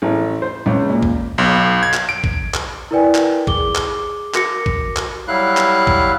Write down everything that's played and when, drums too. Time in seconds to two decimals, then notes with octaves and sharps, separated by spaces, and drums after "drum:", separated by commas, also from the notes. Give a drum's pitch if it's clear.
0.02 A1
0.42 C5
0.66 C#2
0.90 A#2
1.03 drum: kick
1.38 B1
1.83 G#6
1.93 drum: clap
2.09 D7
2.24 drum: kick
2.54 drum: clap
2.91 E4 A#4 B4 D5 G5 G#5
3.15 drum: clap
3.47 G#4 D6 G7, drum: kick
3.75 drum: clap
4.34 F#4 A#4 D6 A#6 C#7, drum: clap
4.66 drum: kick
4.96 drum: clap
5.28 F#3 G3 E4 F5 F#6
5.57 drum: clap
5.87 drum: kick